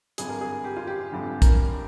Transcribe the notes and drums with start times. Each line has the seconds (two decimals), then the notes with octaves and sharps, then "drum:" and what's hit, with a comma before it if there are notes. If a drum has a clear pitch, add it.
0.18 G#1 G2 D3 G#4, drum: hi-hat
0.29 A#4
0.41 G#4
0.64 G4
0.77 F4
0.87 G4
1.12 G#1 G2 D3
1.42 A#4, drum: kick, hi-hat